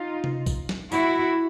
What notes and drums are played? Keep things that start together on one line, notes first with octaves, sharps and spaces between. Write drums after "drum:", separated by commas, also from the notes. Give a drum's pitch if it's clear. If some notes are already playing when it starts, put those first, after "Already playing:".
Already playing: D#4 F4
drum: tom C3
drum: kick, tambourine
drum: snare
E4 F#4, drum: tambourine